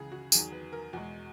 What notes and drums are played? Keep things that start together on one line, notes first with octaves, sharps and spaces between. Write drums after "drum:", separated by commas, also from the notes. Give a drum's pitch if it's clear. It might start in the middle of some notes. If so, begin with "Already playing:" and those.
Already playing: C#2 C#3 E3 G#4
F#4
E2 D#3 F#3 G#4, drum: tambourine
B4
A#4
E2 B2 G#3 F#4